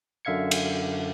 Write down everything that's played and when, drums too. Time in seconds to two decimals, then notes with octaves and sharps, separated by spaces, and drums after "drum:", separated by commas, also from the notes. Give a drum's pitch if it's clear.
0.25 F#2 D3 E5 F5 G#6 C#7
0.51 drum: cymbal